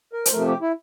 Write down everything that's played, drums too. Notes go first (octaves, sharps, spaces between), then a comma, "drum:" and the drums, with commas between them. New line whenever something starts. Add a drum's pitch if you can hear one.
A#4
C5, drum: hi-hat
C3 F3 A3 A#4
G4
E4